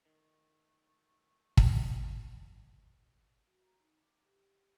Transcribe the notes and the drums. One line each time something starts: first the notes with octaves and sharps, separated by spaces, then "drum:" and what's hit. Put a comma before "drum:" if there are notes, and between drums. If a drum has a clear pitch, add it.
D#3 A3
drum: kick
F#4
A#5
D#4
D6
G4